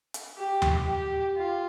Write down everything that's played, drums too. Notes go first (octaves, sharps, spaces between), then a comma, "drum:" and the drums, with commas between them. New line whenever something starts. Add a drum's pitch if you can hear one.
drum: hi-hat
G4
drum: tom D#2
G4
F4